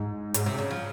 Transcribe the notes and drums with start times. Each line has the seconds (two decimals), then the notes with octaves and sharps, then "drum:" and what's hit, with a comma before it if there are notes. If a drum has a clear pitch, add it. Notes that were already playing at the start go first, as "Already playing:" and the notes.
Already playing: G#2 D#4
0.34 G#2, drum: hi-hat
0.46 C3
0.58 C#3
0.71 F3